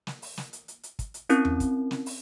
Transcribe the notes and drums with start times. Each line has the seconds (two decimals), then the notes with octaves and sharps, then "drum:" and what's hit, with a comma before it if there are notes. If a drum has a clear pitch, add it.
0.07 drum: snare
0.22 drum: open hi-hat
0.37 drum: snare
0.53 drum: hi-hat
0.68 drum: hi-hat
0.83 drum: hi-hat
0.99 drum: kick, hi-hat
1.14 drum: hi-hat
1.29 C4 C#4 E4 A#4, drum: hi-hat
1.45 drum: tom E2
1.60 drum: kick, hi-hat
1.91 drum: snare
2.06 drum: open hi-hat